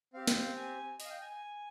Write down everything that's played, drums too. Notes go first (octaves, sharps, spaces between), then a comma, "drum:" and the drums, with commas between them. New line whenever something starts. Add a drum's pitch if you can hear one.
C4 G4 F5
drum: snare
G#5
D#5, drum: open hi-hat
F5
G5
G#5
G#5